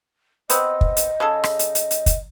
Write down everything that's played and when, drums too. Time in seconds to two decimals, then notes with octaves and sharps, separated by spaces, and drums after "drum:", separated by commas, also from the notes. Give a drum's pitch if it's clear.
0.50 B3 C4 D#5, drum: hi-hat
0.81 drum: kick
0.97 drum: hi-hat
1.20 C#3 G#4 A4
1.44 drum: rim click
1.59 drum: hi-hat
1.75 drum: hi-hat
1.91 drum: hi-hat
2.06 drum: kick, hi-hat